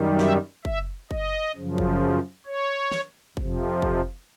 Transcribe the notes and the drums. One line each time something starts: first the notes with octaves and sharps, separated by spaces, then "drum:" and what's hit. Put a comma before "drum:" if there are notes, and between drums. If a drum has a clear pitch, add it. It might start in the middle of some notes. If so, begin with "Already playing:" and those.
Already playing: F#2 D#3 G3
E5, drum: snare
E5, drum: kick
D#5, drum: kick
F#2 C#3 F3
drum: kick
C#5
drum: snare
F2 C3 F3, drum: kick
drum: kick